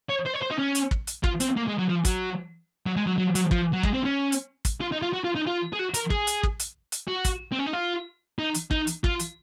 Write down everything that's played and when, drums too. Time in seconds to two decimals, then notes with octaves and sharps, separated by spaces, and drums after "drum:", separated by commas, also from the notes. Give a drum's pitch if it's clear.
0.09 C#5
0.26 C5
0.34 C#5
0.42 C5
0.51 D#4
0.58 C#4
0.75 drum: hi-hat
0.91 drum: kick
1.07 drum: hi-hat
1.24 F4, drum: kick
1.40 C4, drum: hi-hat
1.56 A#3
1.67 G#3
1.78 F#3
1.89 F3
2.05 F#3, drum: kick, hi-hat
2.86 F#3
2.96 G#3
3.07 F#3
3.18 F#3
3.35 F#3, drum: hi-hat
3.51 F3, drum: kick
3.73 F#3
3.83 G#3, drum: kick
3.94 C4
4.05 C#4
4.32 drum: hi-hat
4.65 drum: kick, hi-hat
4.81 F4
4.92 D#4
5.02 F4
5.13 F#4
5.24 F4
5.35 D#4
5.47 F4
5.73 G#4
5.79 F#4
5.94 A#4, drum: hi-hat
6.10 G#4, drum: kick
6.27 drum: hi-hat
6.43 drum: kick
6.60 drum: hi-hat
6.92 drum: hi-hat
7.08 F#4
7.25 drum: kick, hi-hat
7.52 C4
7.59 C#4
7.67 D#4
7.73 F4
8.39 D#4
8.55 drum: hi-hat
8.71 D#4, drum: kick
8.87 drum: hi-hat
9.04 F4, drum: kick
9.20 drum: hi-hat